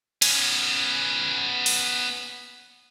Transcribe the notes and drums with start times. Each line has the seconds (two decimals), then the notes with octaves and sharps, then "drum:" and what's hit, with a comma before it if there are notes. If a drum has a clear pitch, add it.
0.22 B3 C#4, drum: cymbal
1.66 drum: open hi-hat